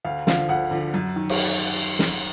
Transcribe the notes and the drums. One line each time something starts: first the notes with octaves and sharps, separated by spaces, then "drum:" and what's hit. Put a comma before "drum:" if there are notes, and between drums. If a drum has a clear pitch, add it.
D2 F5
D3 F3 F5, drum: snare
D2 F#5
D3 F3
F#2
D#3
drum: cymbal
drum: snare